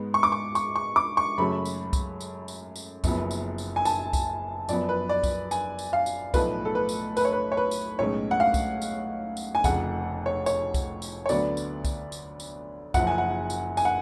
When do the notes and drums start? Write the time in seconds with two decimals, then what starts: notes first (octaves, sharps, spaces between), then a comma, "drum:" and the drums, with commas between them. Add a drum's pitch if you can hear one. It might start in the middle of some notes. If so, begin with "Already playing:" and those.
Already playing: G#2 G#3 B3
0.14 C#6
0.23 D6
0.32 C#6
0.55 C#6, drum: tambourine
0.76 C#6
0.96 D6
1.17 C#6
1.38 F#2 C#3 F#3 A3 C#4 B5
1.65 drum: tambourine
1.93 drum: kick C2, tambourine
2.21 drum: tambourine
2.48 drum: tambourine
2.76 drum: tambourine
3.04 F#1 F#2 F3 B3, drum: kick C2, tambourine
3.31 drum: tambourine
3.58 drum: tambourine
3.76 G#5
3.85 A5, drum: tambourine
4.13 drum: kick C2, tambourine
4.69 F#2 F3 B3 D5, drum: tambourine
4.89 B4
5.09 D5
5.23 drum: kick C2, tambourine
5.51 G#5, drum: tambourine
5.79 drum: tambourine
5.93 F5
6.06 drum: tambourine
6.34 B1 A2 F3 A3 B4, drum: kick C2, tambourine
6.65 A4
6.75 B4
6.89 drum: tambourine
7.17 B4, drum: tambourine
7.25 C#5
7.32 B4
7.52 C#5
7.57 B4
7.71 drum: tambourine
7.99 B1 A2 G#3 C#4 C#5
8.31 F#5
8.40 F5
8.54 drum: kick C2, tambourine
8.82 drum: tambourine
9.37 drum: tambourine
9.55 G#5
9.64 F1 F2 C#3 F#5, drum: kick C2, tambourine
10.26 C#5
10.46 C#5, drum: tambourine
10.74 drum: kick C2, tambourine
11.02 drum: tambourine
11.26 C#5
11.29 D2 D3 F#3 B3 D5, drum: tambourine
11.57 drum: tambourine
11.85 drum: kick C2, tambourine
12.12 drum: tambourine
12.40 drum: tambourine
12.94 F#1 F#2 F3 F#5, drum: kick C2, tambourine
13.07 G#5
13.18 F#5
13.50 drum: tambourine
13.77 G#5, drum: tambourine
13.85 F#5